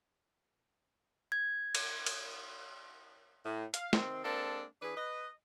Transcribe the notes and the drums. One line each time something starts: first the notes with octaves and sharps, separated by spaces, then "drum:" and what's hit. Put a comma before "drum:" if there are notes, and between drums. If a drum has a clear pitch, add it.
G#6
drum: cymbal
drum: cymbal
A2
F5, drum: hi-hat
C3 D#3 C4, drum: snare
G#3 A#3 C4 D4 A4
E3 D4 G#4 B4
B4 D#5